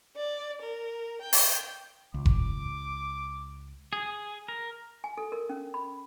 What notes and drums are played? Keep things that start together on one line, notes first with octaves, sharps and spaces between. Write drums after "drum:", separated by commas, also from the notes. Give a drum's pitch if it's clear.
D5
A#4
G5
drum: open hi-hat
C#2 D6
drum: kick F1
G#4
A#4
G#5
A4
A#4
C#4
B5